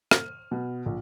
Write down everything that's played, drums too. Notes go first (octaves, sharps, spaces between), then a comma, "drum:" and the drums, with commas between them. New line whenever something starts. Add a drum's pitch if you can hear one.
F6, drum: rim click
B2
A#1